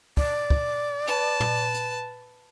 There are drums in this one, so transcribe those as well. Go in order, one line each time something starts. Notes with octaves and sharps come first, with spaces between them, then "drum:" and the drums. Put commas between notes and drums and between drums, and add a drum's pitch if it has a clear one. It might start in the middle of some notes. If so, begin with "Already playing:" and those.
D5, drum: kick
drum: kick
B4 A5
drum: tom
drum: hi-hat